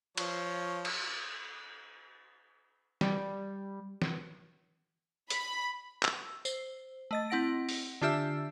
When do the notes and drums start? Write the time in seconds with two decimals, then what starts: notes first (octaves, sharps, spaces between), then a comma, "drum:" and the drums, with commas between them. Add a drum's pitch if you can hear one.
0.17 F3 C#5, drum: cymbal
0.85 drum: cymbal
3.01 G3, drum: snare
4.02 drum: snare
5.30 B5, drum: hi-hat
6.03 E6, drum: clap
6.45 C5, drum: tambourine
7.11 A3 D#5 A6
7.30 C4 E4 F#5 A#6 D7
7.69 drum: open hi-hat
8.02 D3 D4 F4 G4 E5 E6